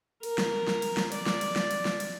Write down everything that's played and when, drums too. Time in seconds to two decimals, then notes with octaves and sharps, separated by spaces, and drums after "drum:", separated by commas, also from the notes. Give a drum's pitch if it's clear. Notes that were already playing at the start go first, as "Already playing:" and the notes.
0.23 A#4, drum: cymbal
0.38 drum: snare
0.68 drum: snare
0.82 drum: cymbal
0.97 drum: snare
1.12 D5, drum: cymbal
1.26 drum: snare
1.41 drum: cymbal
1.56 drum: snare
1.71 drum: cymbal
1.85 drum: snare
2.00 drum: cymbal